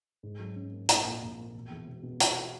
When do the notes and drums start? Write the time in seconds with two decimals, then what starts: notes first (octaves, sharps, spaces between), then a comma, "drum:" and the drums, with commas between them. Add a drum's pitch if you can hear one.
0.23 G#2
0.40 F#3
0.56 C#4
0.72 A#3
0.89 A#1, drum: hi-hat
1.05 A#2
1.22 A#1
1.38 A#3
1.54 E1
1.70 E2
1.87 E1
2.03 B2
2.20 E1, drum: hi-hat